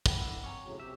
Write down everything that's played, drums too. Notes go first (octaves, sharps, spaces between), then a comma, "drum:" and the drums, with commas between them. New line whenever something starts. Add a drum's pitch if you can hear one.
F#5 G5 B5, drum: kick, tambourine
D3 E4 F#5
C4 C#5 G#5 A#5
A2 C#3 F#3
C3 G4 E5